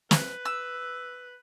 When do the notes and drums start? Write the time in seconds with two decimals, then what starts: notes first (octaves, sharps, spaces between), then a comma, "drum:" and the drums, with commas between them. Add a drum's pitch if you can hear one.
0.11 B4, drum: snare
0.45 E6